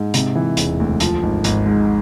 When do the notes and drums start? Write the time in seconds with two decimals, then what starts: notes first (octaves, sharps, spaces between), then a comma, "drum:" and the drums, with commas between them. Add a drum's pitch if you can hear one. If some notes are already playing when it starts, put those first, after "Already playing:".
Already playing: G#2
0.14 C3, drum: hi-hat
0.35 E3
0.57 E1, drum: hi-hat
0.80 D2
1.00 F3, drum: hi-hat
1.23 G#1
1.44 G#1, drum: hi-hat
1.66 G#2